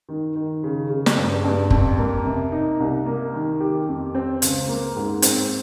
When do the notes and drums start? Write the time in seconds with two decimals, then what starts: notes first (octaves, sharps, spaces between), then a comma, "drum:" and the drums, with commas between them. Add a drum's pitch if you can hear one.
0.09 D#3
0.36 D#3
0.63 C#3
0.90 C#3
1.06 drum: snare
1.17 G2
1.44 G2
1.70 F2, drum: kick
1.98 A#3
2.26 C3
2.52 D#4
2.80 C2
3.06 A#3
3.34 D#3
3.60 G4
3.88 F2
4.15 C4
4.42 C#2, drum: hi-hat
4.69 A#3
4.96 G#2
5.22 C4, drum: hi-hat